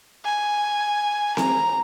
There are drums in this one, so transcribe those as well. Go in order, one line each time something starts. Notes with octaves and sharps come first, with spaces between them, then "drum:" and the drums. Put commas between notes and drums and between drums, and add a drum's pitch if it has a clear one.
G#5
A#5, drum: snare C4